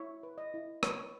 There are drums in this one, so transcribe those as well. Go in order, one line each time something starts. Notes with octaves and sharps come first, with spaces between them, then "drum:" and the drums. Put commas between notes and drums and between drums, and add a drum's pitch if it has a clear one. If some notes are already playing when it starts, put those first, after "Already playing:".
Already playing: E4 C#5 E5
B4
D#5
E4
B4 C#5, drum: rim click